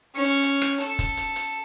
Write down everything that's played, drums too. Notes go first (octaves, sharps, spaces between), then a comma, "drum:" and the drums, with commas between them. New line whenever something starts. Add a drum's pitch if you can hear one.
C#4
drum: hi-hat
drum: hi-hat
drum: rim click
A4, drum: hi-hat
drum: kick, hi-hat
drum: hi-hat
drum: hi-hat